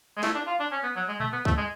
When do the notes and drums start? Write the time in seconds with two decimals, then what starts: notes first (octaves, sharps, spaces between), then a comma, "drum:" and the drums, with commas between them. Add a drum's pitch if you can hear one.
0.16 G#3
0.23 A3, drum: snare
0.35 D4
0.47 F4
0.60 D4
0.72 C#4
0.83 B3
0.96 F#3
1.08 G#3
1.20 A3, drum: tom A#2
1.33 B3
1.45 A3, drum: kick
1.57 G#3